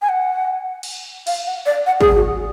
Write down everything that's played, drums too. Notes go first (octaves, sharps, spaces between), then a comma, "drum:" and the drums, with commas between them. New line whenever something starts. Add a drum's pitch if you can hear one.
G#5
F#5
drum: cymbal
F5, drum: cymbal
F#5
D5
F#5
G#4, drum: kick
F#4